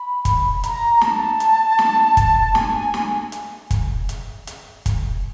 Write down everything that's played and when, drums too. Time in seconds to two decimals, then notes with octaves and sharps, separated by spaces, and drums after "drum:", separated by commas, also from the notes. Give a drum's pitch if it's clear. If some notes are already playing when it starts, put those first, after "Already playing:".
Already playing: B5
0.25 drum: kick, hi-hat
0.63 A#5, drum: hi-hat
0.93 A#5
1.01 A5, drum: snare
1.40 drum: hi-hat
1.79 drum: snare
2.17 drum: kick, hi-hat
2.55 G#5, drum: snare
2.94 drum: snare
3.32 drum: hi-hat
3.71 drum: kick, hi-hat
4.09 drum: hi-hat
4.47 drum: hi-hat
4.86 drum: kick, hi-hat